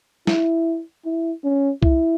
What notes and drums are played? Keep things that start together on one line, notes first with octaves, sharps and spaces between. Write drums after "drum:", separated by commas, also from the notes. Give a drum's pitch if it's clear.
E4, drum: snare
E4
C#4
E4, drum: kick C2